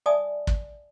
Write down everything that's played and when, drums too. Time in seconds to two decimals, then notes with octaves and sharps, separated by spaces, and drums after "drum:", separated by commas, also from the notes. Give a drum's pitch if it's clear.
0.06 D5 E5 G#5 A5 D#6
0.47 drum: kick